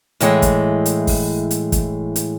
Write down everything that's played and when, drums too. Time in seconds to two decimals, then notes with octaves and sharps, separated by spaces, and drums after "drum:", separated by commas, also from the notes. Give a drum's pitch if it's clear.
0.21 A2 E3 G#3, drum: hi-hat
0.42 drum: kick, hi-hat
0.86 drum: hi-hat
1.07 drum: kick, open hi-hat
1.51 drum: hi-hat
1.72 drum: kick, hi-hat
2.16 drum: hi-hat